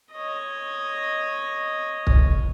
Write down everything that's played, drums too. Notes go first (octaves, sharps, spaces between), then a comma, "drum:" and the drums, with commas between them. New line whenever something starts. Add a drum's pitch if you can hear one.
C#5 D#5
drum: kick